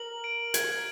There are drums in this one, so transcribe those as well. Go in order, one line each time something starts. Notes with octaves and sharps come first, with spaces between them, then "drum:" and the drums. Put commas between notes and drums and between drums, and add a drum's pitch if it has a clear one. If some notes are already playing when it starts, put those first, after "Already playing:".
Already playing: A#4 F#7
D7
G#6, drum: hi-hat